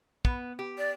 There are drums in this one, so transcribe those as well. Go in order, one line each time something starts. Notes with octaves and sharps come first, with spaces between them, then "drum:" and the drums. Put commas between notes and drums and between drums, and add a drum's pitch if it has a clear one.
B3, drum: kick
G4
D5